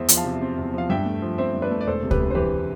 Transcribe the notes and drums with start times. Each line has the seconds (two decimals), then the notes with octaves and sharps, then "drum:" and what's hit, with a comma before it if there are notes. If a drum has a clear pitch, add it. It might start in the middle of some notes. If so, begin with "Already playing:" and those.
Already playing: E2 C5 E5
0.09 F3, drum: hi-hat
0.17 F5 A5
0.25 C3
0.42 C4
0.58 E2
0.74 F3 F5
0.89 G2 E5 G5
1.06 A3
1.22 F3
1.38 C4 C5 E5
1.54 G2
1.62 B4 D5
1.71 A3
1.81 D5
1.86 E1 A4 C5
2.03 C3
2.11 G4 B4, drum: kick C#2
2.20 D2
2.31 C5
2.35 E3 G4 B4